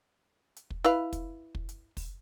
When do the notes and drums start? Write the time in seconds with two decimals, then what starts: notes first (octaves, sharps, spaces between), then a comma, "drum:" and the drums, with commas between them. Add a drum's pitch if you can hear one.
0.56 drum: hi-hat
0.70 drum: kick
0.84 E4 B4 F5, drum: hi-hat
1.13 drum: kick, hi-hat
1.55 drum: kick
1.69 drum: hi-hat
1.97 drum: kick, open hi-hat